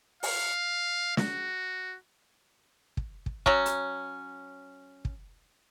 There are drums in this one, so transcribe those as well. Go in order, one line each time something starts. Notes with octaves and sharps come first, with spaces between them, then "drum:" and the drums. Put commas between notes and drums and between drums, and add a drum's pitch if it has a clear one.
F5, drum: open hi-hat
F#4, drum: snare
drum: kick
drum: kick
F#3 C#4, drum: kick
drum: hi-hat
drum: kick